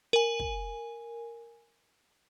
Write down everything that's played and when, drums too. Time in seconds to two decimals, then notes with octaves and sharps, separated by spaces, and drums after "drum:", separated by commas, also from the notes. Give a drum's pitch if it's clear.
0.13 A#4 G#5
0.39 drum: kick